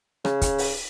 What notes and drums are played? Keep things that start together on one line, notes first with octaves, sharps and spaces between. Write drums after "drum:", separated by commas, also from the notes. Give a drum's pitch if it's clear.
C#3, drum: rim click
drum: kick, hi-hat
drum: open hi-hat